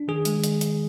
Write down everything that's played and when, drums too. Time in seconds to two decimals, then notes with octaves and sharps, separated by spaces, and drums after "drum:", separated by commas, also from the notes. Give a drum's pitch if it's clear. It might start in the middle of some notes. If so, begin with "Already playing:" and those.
Already playing: D4
0.08 D#3 G#4
0.25 G#3, drum: hi-hat
0.44 drum: hi-hat
0.61 drum: hi-hat